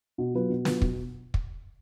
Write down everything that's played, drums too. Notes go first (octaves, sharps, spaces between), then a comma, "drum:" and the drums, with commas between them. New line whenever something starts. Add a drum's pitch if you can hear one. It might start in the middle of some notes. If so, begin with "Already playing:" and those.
B2
F#3 B3 F4 B4
B2
F#3 B3 F4 B4, drum: snare
B2, drum: kick
drum: kick